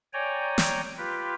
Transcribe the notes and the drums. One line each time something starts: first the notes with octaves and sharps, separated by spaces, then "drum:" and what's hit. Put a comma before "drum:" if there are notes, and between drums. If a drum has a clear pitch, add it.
C#5 D5 G5 G#5 A#5
drum: snare
F4 G4 B4